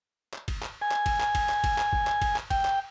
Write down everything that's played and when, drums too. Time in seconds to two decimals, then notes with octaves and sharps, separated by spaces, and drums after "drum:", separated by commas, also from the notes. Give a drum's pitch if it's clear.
0.33 drum: clap
0.48 drum: kick, cymbal
0.62 drum: clap
0.82 G#5
0.91 drum: clap
1.06 drum: kick, cymbal
1.20 drum: clap
1.35 drum: kick, cymbal
1.49 drum: clap
1.64 drum: kick, cymbal
1.78 drum: clap
1.93 drum: kick
2.07 drum: clap
2.22 drum: kick, cymbal
2.36 drum: clap
2.50 G5, drum: kick, cymbal
2.65 drum: clap